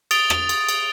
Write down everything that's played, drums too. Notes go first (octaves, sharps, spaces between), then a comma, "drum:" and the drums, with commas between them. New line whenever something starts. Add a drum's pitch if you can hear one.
D#6 A6 D7 F7 G7, drum: cymbal
drum: rim click
drum: cymbal
drum: cymbal